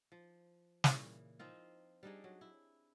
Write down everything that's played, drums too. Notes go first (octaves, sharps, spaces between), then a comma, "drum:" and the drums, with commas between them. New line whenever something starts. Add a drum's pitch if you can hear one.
F3
A#2 C#3 E3, drum: snare
F3 C4 D#4 F4
G3 D4 D#4 G#4
F#3
E4